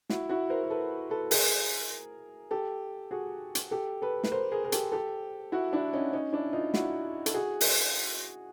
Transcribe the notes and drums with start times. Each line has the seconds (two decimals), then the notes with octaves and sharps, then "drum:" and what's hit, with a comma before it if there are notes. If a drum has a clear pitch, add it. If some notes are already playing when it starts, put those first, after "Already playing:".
0.10 E4 F#4, drum: snare
0.29 E4 F#4
0.50 A#4 C5
0.63 A#4
0.70 A4 B4
1.10 A4 B4
1.31 G#4 A#4, drum: open hi-hat
2.51 G4 A4
3.11 F#4 G#4
3.55 drum: hi-hat
3.71 G4 A4
4.02 A4 B4
4.24 B4, drum: snare
4.32 A#4 C5
4.52 G#4 A#4
4.65 A#4
4.72 G4 A4, drum: hi-hat
4.92 G4 A4
5.52 E4 F#4
5.73 D4 E4
5.93 C#4 D#4
6.13 C#4 D#4
6.33 D4 E4
6.53 D#4 F4
6.74 E4 F#4, drum: snare
7.26 A4, drum: hi-hat
7.34 F#4 G#4
7.61 drum: open hi-hat